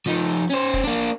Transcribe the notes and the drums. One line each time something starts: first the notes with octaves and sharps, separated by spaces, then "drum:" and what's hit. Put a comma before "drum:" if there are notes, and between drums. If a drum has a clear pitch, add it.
F3 D#4
C#4 C5
drum: kick
A#3 D4